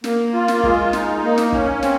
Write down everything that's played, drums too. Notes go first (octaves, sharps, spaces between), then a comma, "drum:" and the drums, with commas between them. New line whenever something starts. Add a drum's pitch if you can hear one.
A#3, drum: snare
F4
drum: snare
G#3, drum: kick
D#4, drum: snare
A#3
drum: snare
C#4, drum: kick
C4, drum: snare